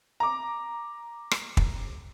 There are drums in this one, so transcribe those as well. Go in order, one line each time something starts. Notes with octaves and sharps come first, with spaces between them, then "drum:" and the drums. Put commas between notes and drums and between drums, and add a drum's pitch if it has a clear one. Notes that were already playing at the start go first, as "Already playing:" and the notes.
A#5 D6
drum: rim click
drum: kick